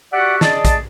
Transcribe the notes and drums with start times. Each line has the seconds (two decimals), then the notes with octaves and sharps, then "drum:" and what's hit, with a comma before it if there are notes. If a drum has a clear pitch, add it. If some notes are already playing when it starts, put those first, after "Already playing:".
0.13 F#4 G4 D5 E5 F#5
0.41 G#4 D5 D#5 A5, drum: snare
0.65 drum: kick, hi-hat